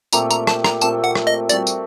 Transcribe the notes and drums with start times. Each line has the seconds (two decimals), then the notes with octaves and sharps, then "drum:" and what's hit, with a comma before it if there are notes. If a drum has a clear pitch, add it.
0.13 A#2 A3 C4 G4 A#5, drum: tambourine
0.31 A#5, drum: tambourine
0.47 A5, drum: rim click
0.64 A#5, drum: rim click
0.81 A#2 A3 C4 G4 A5, drum: tambourine
1.04 F#5
1.15 drum: rim click
1.27 D#5
1.49 G3 C4 F#4 D5, drum: tambourine
1.67 drum: tambourine